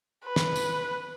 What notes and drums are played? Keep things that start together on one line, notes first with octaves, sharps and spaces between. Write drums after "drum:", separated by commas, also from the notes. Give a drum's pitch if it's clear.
B4
drum: snare
drum: tambourine